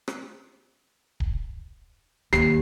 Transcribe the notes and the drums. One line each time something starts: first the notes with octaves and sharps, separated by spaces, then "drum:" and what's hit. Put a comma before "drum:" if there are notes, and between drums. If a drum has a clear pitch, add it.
drum: rim click
drum: kick D1
D#2 G4 C7, drum: rim click